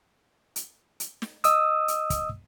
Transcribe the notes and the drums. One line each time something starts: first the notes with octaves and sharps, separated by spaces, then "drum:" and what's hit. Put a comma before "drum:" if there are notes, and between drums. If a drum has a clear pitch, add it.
drum: hi-hat
drum: hi-hat
drum: snare
D#5 D#6 E6, drum: hi-hat
drum: hi-hat
drum: kick, hi-hat